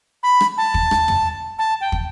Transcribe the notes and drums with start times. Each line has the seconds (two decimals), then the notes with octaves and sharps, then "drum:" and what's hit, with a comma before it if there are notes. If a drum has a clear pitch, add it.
0.23 B5
0.41 drum: rim click
0.58 A5
0.74 drum: kick
0.91 drum: rim click
1.08 drum: tom
1.59 A5
1.81 G5
1.92 drum: kick